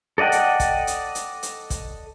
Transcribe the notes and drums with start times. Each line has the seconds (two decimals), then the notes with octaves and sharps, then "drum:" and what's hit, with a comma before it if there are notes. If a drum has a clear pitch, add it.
0.18 A4 D5 D#5 F#5 G5
0.32 drum: hi-hat
0.60 drum: kick, hi-hat
0.87 drum: hi-hat
1.15 drum: hi-hat
1.43 drum: hi-hat
1.70 drum: kick, hi-hat